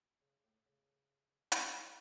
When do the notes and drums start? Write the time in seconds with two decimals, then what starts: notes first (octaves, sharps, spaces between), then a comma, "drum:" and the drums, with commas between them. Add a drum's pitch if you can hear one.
0.21 C#3
0.44 A2
0.66 C#3
1.52 A2 D3 E3, drum: hi-hat